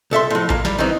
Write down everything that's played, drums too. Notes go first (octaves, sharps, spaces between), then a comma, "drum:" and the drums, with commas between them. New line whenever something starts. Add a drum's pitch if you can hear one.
C2 A4 E5 C6
A2 F3
A#3, drum: kick A1
G3, drum: snare
D#3 E3 C4 D#4